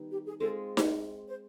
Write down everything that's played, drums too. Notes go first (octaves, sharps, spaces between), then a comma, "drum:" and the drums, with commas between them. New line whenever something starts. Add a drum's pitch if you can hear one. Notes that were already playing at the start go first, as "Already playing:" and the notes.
Already playing: D#3 G3 B3 D#4
G4
G#4
G#3 C4 F4 G#4 A4
drum: snare D#4
C5